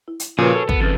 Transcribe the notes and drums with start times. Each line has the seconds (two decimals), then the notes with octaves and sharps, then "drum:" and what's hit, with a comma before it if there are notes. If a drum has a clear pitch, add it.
0.08 E4
0.20 drum: hi-hat
0.38 A#2 C#3 F3 F#4 G#4 A#4 B4 C#5
0.55 A4
0.69 B3, drum: kick
0.81 F2 C#3 B4 F6 A6